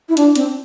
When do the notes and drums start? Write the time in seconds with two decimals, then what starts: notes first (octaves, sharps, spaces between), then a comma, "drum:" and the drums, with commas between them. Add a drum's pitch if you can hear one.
0.09 E4
0.17 D4, drum: hi-hat
0.35 C4, drum: hi-hat